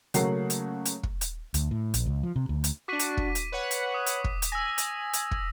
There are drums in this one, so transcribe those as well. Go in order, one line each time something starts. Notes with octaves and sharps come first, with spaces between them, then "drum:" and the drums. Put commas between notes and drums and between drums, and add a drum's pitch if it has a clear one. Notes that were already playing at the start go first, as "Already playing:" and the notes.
C#3 F#3 A3 A#3 F#5 C7, drum: hi-hat
drum: hi-hat
drum: hi-hat
drum: kick
drum: hi-hat
D2, drum: hi-hat
A2
A#1, drum: hi-hat
C#2
F3
C3
D2
drum: hi-hat
D4 F#4 D6 B6 D#7
drum: hi-hat
drum: kick
drum: hi-hat
B4 C#5 F#5
drum: hi-hat
D#6
drum: hi-hat
drum: kick
drum: hi-hat
G#5 E6 A#6
drum: hi-hat
drum: hi-hat
drum: kick